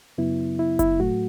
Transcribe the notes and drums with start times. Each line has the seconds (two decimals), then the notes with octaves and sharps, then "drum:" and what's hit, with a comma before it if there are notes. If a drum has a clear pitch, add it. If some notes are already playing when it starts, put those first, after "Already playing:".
0.18 F#2 C#3 F#3 B3 E4
0.59 E4
0.79 E4, drum: kick F#1, hi-hat
1.00 A2 F#3 A3 F#4